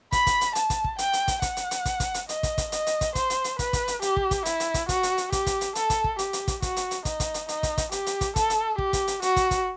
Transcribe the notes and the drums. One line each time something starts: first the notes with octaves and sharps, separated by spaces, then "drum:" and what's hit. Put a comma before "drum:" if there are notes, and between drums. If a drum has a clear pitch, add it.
B5, drum: kick, hi-hat
drum: kick, hi-hat
drum: hi-hat
A5, drum: hi-hat
drum: kick, hi-hat
drum: kick
G5, drum: hi-hat
drum: hi-hat
drum: kick, hi-hat
F#5, drum: kick, hi-hat
drum: hi-hat
drum: hi-hat
drum: kick, hi-hat
drum: kick, hi-hat
drum: hi-hat
D#5, drum: hi-hat
drum: kick, hi-hat
drum: kick, hi-hat
D#5, drum: hi-hat
drum: hi-hat
drum: kick, hi-hat
C5, drum: kick, hi-hat
drum: hi-hat
drum: hi-hat
B4, drum: kick, hi-hat
drum: kick, hi-hat
drum: hi-hat
G4, drum: hi-hat
drum: kick
drum: kick, hi-hat
E4, drum: hi-hat
drum: hi-hat
drum: kick, hi-hat
F#4, drum: kick, hi-hat
drum: hi-hat
drum: hi-hat
G4, drum: kick, hi-hat
drum: kick, hi-hat
drum: hi-hat
A4, drum: hi-hat
drum: kick, hi-hat
drum: kick
G4, drum: hi-hat
drum: hi-hat
drum: kick, hi-hat
F#4, drum: kick, hi-hat
drum: hi-hat
drum: hi-hat
D#4, drum: kick, hi-hat
drum: kick, hi-hat
drum: hi-hat
D#4, drum: hi-hat
drum: kick, hi-hat
drum: kick, hi-hat
G4, drum: hi-hat
drum: hi-hat
drum: kick, hi-hat
A4, drum: kick, hi-hat
drum: hi-hat
G4, drum: kick
drum: kick, hi-hat
drum: hi-hat
F#4, drum: hi-hat
drum: kick, hi-hat
drum: kick, hi-hat